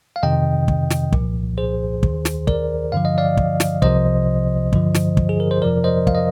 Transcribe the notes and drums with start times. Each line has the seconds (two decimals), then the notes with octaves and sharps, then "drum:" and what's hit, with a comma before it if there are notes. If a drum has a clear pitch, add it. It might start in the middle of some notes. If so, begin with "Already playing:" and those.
0.16 F5
0.23 F2 C3 D#3 D#5 G5
0.68 drum: kick
0.90 drum: snare
1.12 C2 A#2 F3, drum: kick
1.58 G#4 C5
2.03 D#2 D#3, drum: kick
2.25 drum: snare
2.47 A#4 D5, drum: kick
2.92 G2 D3 F3 F5
3.05 D#5
3.18 D5 F5
3.37 drum: kick
3.60 drum: snare
3.82 C2 C3 F3 C5 D#5, drum: kick
4.73 G2 D3 F3, drum: kick
4.95 drum: snare
5.17 drum: kick
5.29 G#4
5.40 A#4
5.51 C5
5.62 F2 C3 F3 A#4 D5
5.84 C5 D#5
6.07 F5, drum: kick
6.15 D#5